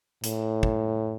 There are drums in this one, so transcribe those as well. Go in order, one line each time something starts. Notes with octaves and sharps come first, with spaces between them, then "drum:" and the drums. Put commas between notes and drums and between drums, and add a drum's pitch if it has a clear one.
A2, drum: hi-hat
drum: kick